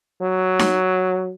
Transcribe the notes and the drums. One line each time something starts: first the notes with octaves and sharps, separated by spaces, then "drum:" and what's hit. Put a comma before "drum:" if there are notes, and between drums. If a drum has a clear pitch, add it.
F#3
drum: snare D#4